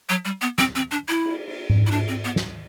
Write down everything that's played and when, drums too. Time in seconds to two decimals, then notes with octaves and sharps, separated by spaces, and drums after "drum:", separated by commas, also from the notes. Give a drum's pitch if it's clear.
0.09 F#3
0.25 G3
0.42 B3
0.58 C4, drum: snare
0.75 C4
0.91 D4
1.09 E4
1.25 drum: cymbal
1.47 drum: cymbal
1.70 drum: tom G#2
1.87 E4
1.91 D4, drum: cymbal
2.08 C4
2.24 B3
2.36 drum: snare